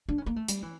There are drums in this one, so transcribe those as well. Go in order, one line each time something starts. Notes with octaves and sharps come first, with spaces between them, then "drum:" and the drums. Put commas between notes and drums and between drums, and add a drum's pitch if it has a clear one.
D4
C#4
A#3
A3
G3, drum: hi-hat
E3